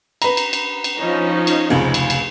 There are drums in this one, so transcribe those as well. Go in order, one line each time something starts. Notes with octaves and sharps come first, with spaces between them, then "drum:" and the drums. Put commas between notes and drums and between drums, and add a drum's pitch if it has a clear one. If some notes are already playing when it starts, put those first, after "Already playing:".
B4 A#5, drum: cymbal
drum: cymbal
drum: cymbal
drum: cymbal
F3 C#4 D#4
drum: cymbal
F1 C#2
drum: cymbal
drum: cymbal